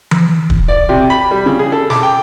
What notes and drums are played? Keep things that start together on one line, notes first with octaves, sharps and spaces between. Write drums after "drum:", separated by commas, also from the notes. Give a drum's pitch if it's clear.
drum: tom E3
drum: kick
D5
C3
B5
G3
C#3
G#4
A4
D6, drum: snare
G5